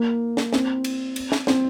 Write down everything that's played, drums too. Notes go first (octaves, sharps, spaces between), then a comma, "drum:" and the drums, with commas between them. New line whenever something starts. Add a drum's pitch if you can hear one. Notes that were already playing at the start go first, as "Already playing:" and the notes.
Already playing: A#3
drum: snare
C4, drum: snare
drum: cymbal
drum: cymbal
drum: snare
C4, drum: snare